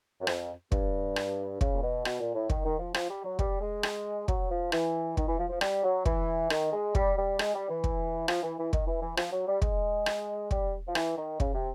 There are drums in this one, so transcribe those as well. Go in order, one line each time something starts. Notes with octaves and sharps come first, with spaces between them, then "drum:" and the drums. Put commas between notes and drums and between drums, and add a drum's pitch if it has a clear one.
F#2
F2, drum: rim click
G2, drum: kick
drum: rim click
C#3, drum: kick
A#2
B2
B2, drum: rim click
A#2
A2
D#3, drum: kick
D#3
F3
F3, drum: rim click
G3
F#3
G3, drum: kick
G#3
drum: rim click
F#3, drum: kick
F3
E3, drum: rim click
D#3, drum: kick
E3
F3
F3
G3, drum: rim click
F#3
E3, drum: kick
D#3, drum: rim click
G#3
G3, drum: kick
G3
G#3, drum: rim click
G3
E3
drum: kick
F3, drum: rim click
E3
E3
D#3, drum: kick
E3
E3
F3, drum: rim click
F#3
G3
G#3, drum: kick
drum: rim click
G3, drum: kick
F3
E3, drum: rim click
D#3
C#3, drum: kick
C3